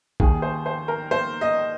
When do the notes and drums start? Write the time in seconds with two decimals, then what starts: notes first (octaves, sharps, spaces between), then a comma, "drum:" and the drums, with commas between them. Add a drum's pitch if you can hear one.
0.20 D#2 D#3 G#4, drum: kick A#1
0.42 C5
0.66 C5
0.88 A#4
1.11 C5
1.41 D#5